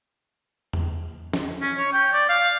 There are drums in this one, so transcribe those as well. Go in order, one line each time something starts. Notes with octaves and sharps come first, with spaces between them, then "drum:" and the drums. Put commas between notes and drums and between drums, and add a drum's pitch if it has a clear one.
drum: tom E2
drum: snare
C#4
C#5
G5
D5
F5